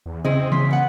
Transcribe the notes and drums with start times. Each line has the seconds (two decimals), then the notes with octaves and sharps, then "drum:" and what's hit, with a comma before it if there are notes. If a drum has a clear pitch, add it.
0.06 E2
0.25 C#3 C4 E4 G#4 D#5
0.52 C#3 C6 B6, drum: tom E3
0.71 B3 F#5